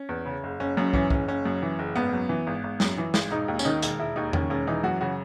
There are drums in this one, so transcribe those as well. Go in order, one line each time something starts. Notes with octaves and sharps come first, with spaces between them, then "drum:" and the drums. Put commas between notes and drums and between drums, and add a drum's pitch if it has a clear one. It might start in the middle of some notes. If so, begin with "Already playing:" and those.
Already playing: C#4
E2
C#3
F#1
F#1 C#4
F#2 C#4
E3 C#4, drum: kick
F#1 C#4, drum: kick
F#1 C#4
F#2
E3
F#1
G#1 B3
F#2
E3
G#1
G#1
F#2, drum: snare
E3
G#1, drum: snare
E1 D#4
D#2
C#4, drum: tambourine
D#3 D#4
E1, drum: hi-hat
E1 E4
D#2 D#4
D#3 C#4, drum: tom E2
E1 C#4
E3 D#4
F#2 F#4
C#3 F#4